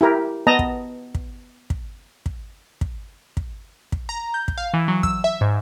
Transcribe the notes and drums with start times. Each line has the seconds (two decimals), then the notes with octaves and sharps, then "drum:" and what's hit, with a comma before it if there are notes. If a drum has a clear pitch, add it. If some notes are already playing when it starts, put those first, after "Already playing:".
0.01 E4 G4 A#4
0.47 B3 D#5 A5 A#5
0.59 drum: kick
1.15 drum: kick
1.70 drum: kick
2.26 drum: kick
2.81 drum: kick
3.37 drum: kick
3.92 drum: kick
4.09 A#5
4.34 G6
4.48 drum: kick
4.58 F5
4.74 E3
4.88 F#3
5.03 E6, drum: kick
5.24 E5
5.41 G#2